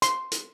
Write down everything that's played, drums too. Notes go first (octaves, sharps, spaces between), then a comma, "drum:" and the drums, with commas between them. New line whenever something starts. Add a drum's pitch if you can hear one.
C6, drum: hi-hat
drum: hi-hat